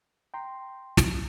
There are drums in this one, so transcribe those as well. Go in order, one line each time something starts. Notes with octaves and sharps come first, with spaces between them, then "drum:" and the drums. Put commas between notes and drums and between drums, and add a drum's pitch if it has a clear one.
G5 A#5 C6
drum: snare